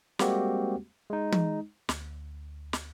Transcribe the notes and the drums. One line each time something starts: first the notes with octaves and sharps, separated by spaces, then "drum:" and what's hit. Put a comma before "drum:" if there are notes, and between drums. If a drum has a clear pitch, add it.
G3 G#3 A#3 C4 F#4 G4, drum: snare
G#3 D#4
drum: tom
D2, drum: snare
drum: snare